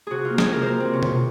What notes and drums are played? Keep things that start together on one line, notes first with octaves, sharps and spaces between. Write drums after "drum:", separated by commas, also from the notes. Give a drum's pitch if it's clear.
C3 F#4 G#4
A#3 F4
G#4, drum: snare
C3 A#4
A#3 A#4 C5
C3 C4
C#4
C3, drum: tom B2